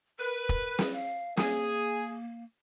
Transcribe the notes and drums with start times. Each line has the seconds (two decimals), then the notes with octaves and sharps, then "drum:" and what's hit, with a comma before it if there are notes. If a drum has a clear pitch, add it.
0.19 A#4 B4
0.49 drum: kick
0.79 drum: snare
0.93 F5
1.37 A#3 G#4, drum: snare